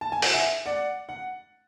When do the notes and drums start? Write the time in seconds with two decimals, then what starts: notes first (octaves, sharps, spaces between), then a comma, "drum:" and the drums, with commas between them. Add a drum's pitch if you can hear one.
0.01 A5
0.12 G#5
0.22 F#5, drum: open hi-hat
0.34 E5 G#5
0.66 D5 F#5
1.09 F#5